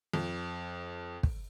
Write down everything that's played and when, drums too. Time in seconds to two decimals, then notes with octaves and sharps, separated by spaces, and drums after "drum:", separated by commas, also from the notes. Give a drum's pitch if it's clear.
0.14 F2
1.23 drum: kick